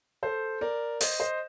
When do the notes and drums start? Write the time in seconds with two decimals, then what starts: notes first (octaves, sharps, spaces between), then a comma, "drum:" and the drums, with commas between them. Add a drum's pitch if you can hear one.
0.23 A4 C5
0.61 A#4 D5
1.01 C5 D#5, drum: open hi-hat
1.20 C5 D#5